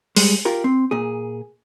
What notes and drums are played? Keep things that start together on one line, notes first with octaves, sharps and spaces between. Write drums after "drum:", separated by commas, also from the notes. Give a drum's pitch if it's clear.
G3 G#3, drum: open hi-hat
F4 G4 A#4
C4
A#2 G#4